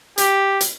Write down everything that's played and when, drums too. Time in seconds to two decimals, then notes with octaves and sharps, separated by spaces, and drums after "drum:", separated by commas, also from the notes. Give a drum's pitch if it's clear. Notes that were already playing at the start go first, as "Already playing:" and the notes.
0.18 G4, drum: hi-hat
0.61 drum: hi-hat